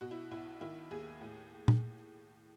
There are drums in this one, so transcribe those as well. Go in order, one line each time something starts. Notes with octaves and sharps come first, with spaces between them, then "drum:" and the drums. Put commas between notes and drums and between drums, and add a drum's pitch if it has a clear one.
B2 F#4
E4
B1 E4
D#3 E4
D#2 G#4
A2
drum: tom A#2